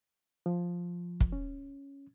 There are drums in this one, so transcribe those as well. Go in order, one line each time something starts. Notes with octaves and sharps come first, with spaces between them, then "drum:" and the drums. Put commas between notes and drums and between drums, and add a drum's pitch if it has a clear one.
F3
drum: kick
C#4